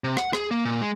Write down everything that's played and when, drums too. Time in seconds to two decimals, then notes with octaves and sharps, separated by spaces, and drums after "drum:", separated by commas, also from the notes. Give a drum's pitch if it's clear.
0.04 C3
0.17 F#5, drum: rim click
0.33 G#4, drum: rim click
0.51 A#3
0.65 A#2
0.81 G#3